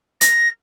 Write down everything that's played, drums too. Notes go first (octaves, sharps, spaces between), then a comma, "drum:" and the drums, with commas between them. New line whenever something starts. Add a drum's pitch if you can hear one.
A#6, drum: hi-hat